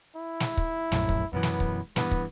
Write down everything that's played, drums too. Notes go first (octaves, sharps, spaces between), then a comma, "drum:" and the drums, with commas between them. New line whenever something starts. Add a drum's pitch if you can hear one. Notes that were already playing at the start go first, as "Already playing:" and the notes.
E4
drum: snare
drum: kick
A#1 F#2 A2, drum: snare
drum: kick
F#2 B2 E3 B3
drum: snare
drum: kick
G2 E3 B3, drum: snare
drum: kick